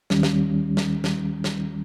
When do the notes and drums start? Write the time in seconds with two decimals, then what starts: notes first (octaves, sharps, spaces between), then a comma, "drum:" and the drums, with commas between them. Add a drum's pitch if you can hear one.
0.10 D#2 D#3 G3 C#4, drum: snare
0.23 drum: snare
0.77 drum: snare
1.04 drum: snare
1.44 drum: snare